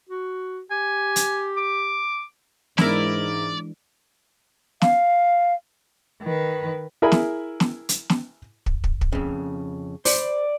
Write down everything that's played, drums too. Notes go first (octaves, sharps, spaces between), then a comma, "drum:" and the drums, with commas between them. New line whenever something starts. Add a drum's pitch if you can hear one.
F#4
G4 G#5
drum: hi-hat
D6
G#2 E3 G#3 D4 E4 A#4 D5, drum: snare
F5, drum: snare
D#3 B4
E4 G#4 A#4 E5 G#5 B5
drum: snare
drum: snare
drum: hi-hat
drum: snare
drum: kick
drum: kick
drum: kick
F2 C#3
C5 D5 B5, drum: open hi-hat